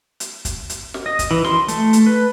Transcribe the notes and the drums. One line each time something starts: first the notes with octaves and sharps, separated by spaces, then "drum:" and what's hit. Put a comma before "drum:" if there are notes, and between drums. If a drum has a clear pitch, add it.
drum: hi-hat
drum: kick, hi-hat
drum: hi-hat
drum: snare
D#5
drum: kick, hi-hat
E3
C6, drum: snare
A3, drum: hi-hat
drum: hi-hat
B4